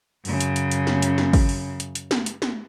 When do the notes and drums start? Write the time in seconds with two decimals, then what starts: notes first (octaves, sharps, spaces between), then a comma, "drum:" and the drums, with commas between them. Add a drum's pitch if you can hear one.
0.25 F#2 C#3, drum: open hi-hat
0.40 drum: hi-hat
0.56 drum: hi-hat
0.71 drum: hi-hat
0.87 drum: snare
1.02 drum: hi-hat
1.18 drum: snare
1.33 drum: kick G#1, open hi-hat
1.49 drum: open hi-hat
1.80 drum: hi-hat
1.95 drum: hi-hat
2.11 drum: snare
2.26 drum: hi-hat
2.42 drum: snare